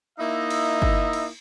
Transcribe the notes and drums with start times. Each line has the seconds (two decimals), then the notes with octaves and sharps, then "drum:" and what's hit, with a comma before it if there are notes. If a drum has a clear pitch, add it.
0.19 A#3 D#4 E4 D#5 E5
0.50 drum: cymbal
0.82 drum: kick G1
1.13 drum: cymbal